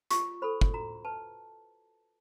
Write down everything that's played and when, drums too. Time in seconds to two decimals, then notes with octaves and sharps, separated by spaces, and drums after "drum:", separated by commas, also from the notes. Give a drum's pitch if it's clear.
0.11 F4 C#6, drum: hi-hat
0.42 A4 C5 B5
0.61 drum: kick
0.74 F#4 A#5
1.05 B4 A5